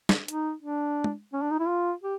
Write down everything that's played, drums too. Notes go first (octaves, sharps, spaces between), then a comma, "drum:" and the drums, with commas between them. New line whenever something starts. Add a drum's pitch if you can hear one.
drum: snare
D#4, drum: hi-hat
D4
drum: tom
C#4
D4
D#4
E4
F4
G4